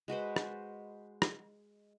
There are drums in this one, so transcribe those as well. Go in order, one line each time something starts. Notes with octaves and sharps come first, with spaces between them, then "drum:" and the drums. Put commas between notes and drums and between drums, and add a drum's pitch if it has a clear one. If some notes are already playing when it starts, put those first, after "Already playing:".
G#3 F#4 B4 C5
drum: rim click
drum: rim click